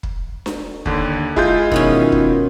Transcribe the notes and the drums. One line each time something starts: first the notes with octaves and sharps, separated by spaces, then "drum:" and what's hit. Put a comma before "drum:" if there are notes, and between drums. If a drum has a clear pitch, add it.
drum: kick
drum: snare D4
D#2 D3, drum: kick
G#3 E4 F4 G#4 G6, drum: kick
B2 D#3 B3 C#4, drum: kick
drum: kick